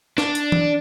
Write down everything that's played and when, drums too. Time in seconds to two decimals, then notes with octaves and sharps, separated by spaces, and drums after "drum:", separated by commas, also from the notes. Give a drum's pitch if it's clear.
0.18 D4, drum: snare
0.35 drum: hi-hat
0.52 drum: tom E3